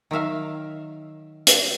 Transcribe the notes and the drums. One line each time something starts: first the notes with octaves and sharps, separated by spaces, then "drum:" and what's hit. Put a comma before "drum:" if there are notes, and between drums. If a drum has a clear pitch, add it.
D#3 F#3 E5 F5
drum: hi-hat